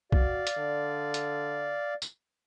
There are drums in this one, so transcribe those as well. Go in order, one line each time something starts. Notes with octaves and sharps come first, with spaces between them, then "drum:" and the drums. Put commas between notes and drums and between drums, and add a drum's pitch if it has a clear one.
F#4 D5 F5, drum: kick
drum: hi-hat
D3
drum: hi-hat
drum: tambourine